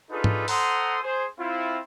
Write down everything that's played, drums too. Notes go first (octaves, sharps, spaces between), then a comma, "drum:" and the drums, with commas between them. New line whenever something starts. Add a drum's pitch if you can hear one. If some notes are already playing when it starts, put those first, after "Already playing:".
D4 D#4 F4 G#4 A4 B4
drum: tom G#2
A4 C5 F#5 A#5 C6 D#6, drum: open hi-hat
G#4 C5
C4 E4 F4